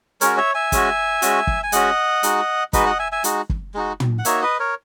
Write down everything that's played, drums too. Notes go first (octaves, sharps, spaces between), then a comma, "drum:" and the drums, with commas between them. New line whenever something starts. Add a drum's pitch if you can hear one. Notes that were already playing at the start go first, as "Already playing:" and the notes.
G#3 C#4 F#4 A#4 C#5, drum: hi-hat
C#5 E5
E5 G#5
G#3 C#4 F#4, drum: kick, hi-hat
G#3 C#4 F#4, drum: hi-hat
drum: kick
G#5
G#3 C#4 F#4 D#5 F#5, drum: hi-hat
G#3 D#4 F#4, drum: hi-hat
G#3 D#4 F#4 B4 D#5, drum: kick, hi-hat
D#5 F#5
E5 G#5
E5 G#5
G#3 D#4 F#4, drum: hi-hat
drum: kick
G#3 D#4 F#4
drum: tom
F#5
A#3 D#4 F#4 C#5 E5, drum: hi-hat
B4 D#5
A#4 C#5